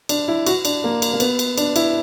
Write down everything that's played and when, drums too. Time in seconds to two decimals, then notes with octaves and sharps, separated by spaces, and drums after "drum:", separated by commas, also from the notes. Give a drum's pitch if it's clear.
0.09 D4, drum: cymbal
0.28 E4
0.46 F#4, drum: cymbal
0.65 D4, drum: cymbal
0.84 A#3
1.02 drum: cymbal
1.13 A#3
1.20 B3, drum: cymbal
1.39 drum: cymbal
1.58 D4, drum: cymbal
1.76 E4, drum: cymbal